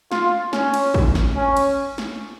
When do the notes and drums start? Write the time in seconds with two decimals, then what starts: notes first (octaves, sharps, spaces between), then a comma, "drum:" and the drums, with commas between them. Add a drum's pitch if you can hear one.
0.12 F4, drum: snare
0.53 C#4, drum: snare
0.74 drum: cymbal
0.94 drum: kick
1.15 drum: snare
1.36 C#4
1.57 drum: cymbal
1.98 drum: snare